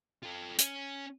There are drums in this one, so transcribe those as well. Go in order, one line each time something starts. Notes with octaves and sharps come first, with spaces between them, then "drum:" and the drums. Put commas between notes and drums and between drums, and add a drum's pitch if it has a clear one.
F4 A4
C#4, drum: hi-hat